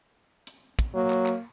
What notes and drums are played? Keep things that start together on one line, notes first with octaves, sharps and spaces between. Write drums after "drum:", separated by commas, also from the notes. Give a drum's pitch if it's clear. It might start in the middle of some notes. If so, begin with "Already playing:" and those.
drum: hi-hat
drum: kick, hi-hat
F#3 A#3
drum: clap
drum: clap